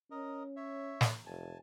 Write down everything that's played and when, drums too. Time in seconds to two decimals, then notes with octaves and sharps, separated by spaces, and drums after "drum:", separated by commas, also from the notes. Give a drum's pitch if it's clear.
0.11 C#4 A#4 D#5
0.56 C#5 E5
1.01 drum: snare
1.27 F1 G#5 A5